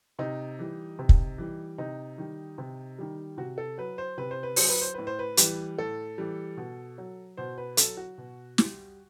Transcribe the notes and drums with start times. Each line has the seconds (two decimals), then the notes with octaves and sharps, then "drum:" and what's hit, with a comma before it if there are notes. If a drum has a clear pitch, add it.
0.19 C3 D#4
0.59 E3 G3
0.99 C3
1.09 drum: kick
1.38 E3 G3
1.78 C3 D#4
2.18 D#3 G3
2.58 C3
2.99 D#3 G3
3.37 C3 F#4
3.58 A4
3.78 F#3 B4
3.98 C5
4.18 C3 B4
4.31 C5
4.43 B4
4.56 F#3 C5, drum: open hi-hat
4.69 B4
4.81 C5
4.94 A2 B4
5.07 C5
5.19 B4
5.37 E3 G3, drum: hi-hat
5.78 A2 A4
6.18 E3 G3
6.57 B2
6.98 F#3
7.37 B2 C5
7.58 B4
7.77 F#3 A4, drum: hi-hat
7.97 F#4
8.18 B2
8.58 G3, drum: snare